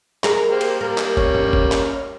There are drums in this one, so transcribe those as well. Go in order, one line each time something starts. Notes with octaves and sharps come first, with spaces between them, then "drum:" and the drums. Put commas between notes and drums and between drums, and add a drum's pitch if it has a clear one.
G#4 A#4, drum: clap
A#3 G4 C5
drum: cymbal
G3 A#3 A#4
drum: clap
C#4, drum: kick
drum: tom G2
drum: kick
drum: clap